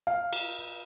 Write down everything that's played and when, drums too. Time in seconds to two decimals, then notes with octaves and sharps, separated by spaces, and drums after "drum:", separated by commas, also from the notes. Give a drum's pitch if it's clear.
0.07 F5
0.33 drum: cymbal